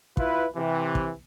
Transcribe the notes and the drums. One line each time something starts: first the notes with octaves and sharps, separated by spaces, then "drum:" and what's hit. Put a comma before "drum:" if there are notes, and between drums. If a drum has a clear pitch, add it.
E4 F4 B4, drum: kick
C3 E3
drum: kick